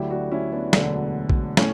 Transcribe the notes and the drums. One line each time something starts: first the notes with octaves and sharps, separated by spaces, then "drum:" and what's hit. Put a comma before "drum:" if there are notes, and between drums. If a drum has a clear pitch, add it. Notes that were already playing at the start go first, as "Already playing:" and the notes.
Already playing: D2 D3 F#3 E4 G4
D4 F#4
C#4 E4
B3 D4
E1 D2 D3 F#3, drum: snare
drum: kick A#1
A2 A3 C#4, drum: snare